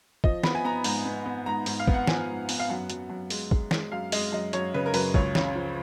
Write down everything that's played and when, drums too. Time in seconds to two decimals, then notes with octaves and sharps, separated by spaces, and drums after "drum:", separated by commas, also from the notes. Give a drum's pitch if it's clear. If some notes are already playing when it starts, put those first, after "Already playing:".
0.24 F3 D#5, drum: kick
0.43 B3 B5, drum: snare
0.55 G#5
0.64 B3 A#5
0.84 G#2 A#5, drum: open hi-hat
1.05 B3
1.26 B3
1.46 G#2 A#5
1.66 G#2, drum: open hi-hat
1.80 F5
1.88 B3, drum: kick
1.94 F#5
2.07 F3 G#5, drum: snare
2.29 G#2
2.49 B3, drum: open hi-hat
2.60 F5
2.69 F#2 F#5
2.90 F#2, drum: hi-hat
3.10 F#2
3.30 G#3, drum: open hi-hat
3.51 G#3, drum: kick
3.71 G#3, drum: snare
3.92 F#2 F5
4.12 G#3 D#5, drum: open hi-hat
4.32 F#2 D#5
4.53 F#2 C#5, drum: hi-hat
4.74 C#3 B4
4.86 A#4
4.94 F#2 B4, drum: open hi-hat
5.14 C#2 C#5, drum: kick
5.35 C#3, drum: snare
5.55 F3